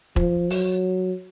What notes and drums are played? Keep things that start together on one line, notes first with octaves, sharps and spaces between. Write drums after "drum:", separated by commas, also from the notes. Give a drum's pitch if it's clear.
F3, drum: kick E1
F#3, drum: open hi-hat